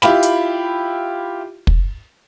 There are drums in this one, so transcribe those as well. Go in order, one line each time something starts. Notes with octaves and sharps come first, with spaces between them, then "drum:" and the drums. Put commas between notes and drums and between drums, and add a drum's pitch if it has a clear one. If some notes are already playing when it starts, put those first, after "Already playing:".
E4 F4 G4 B5, drum: snare
drum: hi-hat
drum: kick